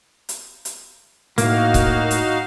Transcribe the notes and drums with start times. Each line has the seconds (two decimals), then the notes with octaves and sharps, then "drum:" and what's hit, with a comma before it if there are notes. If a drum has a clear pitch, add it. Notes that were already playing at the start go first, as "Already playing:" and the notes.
0.29 drum: hi-hat
0.65 drum: hi-hat
1.38 A2 A#3 D#4 F#4 F5, drum: hi-hat
1.74 drum: kick C#1, hi-hat
2.11 drum: hi-hat